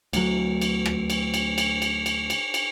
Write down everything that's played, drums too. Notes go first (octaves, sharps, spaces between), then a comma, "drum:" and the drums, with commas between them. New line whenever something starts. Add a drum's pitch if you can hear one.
D2 F#3, drum: cymbal
drum: cymbal
drum: rim click
drum: cymbal
drum: cymbal
drum: cymbal
drum: cymbal
drum: cymbal
drum: cymbal
drum: cymbal